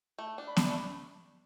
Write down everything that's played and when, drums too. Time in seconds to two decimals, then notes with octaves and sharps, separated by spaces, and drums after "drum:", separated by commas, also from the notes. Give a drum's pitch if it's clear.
0.18 A3
0.38 D4
0.47 B5
0.57 D4, drum: snare B3
0.69 A3